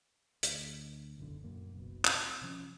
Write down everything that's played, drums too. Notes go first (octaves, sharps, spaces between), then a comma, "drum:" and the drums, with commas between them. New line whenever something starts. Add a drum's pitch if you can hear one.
D2, drum: hi-hat
F#1 B1 E2 D3
F#2 A#2 A#3
F#1 B1 B2
C4, drum: clap
C3 F3 C#4